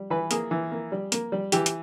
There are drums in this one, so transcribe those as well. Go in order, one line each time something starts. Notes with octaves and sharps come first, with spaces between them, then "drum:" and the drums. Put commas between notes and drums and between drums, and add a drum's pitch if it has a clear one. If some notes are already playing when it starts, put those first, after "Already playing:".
Already playing: G3
E3 B4
A#3 G#4, drum: hi-hat
E3
A#3
G3
A#3, drum: hi-hat
G3
E3 G4, drum: hi-hat
drum: hi-hat